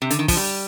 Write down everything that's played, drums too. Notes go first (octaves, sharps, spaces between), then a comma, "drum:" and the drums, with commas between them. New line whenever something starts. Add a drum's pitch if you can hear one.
C3
D3, drum: hi-hat
D#3
F3, drum: kick, open hi-hat
G3